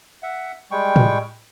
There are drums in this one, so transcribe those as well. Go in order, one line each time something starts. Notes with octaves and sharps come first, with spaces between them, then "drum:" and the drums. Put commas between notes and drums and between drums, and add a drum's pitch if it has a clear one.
E5 F#5
G3 G#3 G5 C#6
drum: tom A2